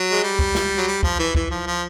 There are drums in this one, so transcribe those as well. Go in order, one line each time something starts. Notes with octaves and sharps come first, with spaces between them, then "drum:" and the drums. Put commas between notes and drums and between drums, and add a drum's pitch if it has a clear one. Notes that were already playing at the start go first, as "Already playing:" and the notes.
Already playing: F#3
G#3
G3
drum: kick
drum: snare
F#3
G3
F3, drum: kick
E3
E3, drum: kick
F3
F3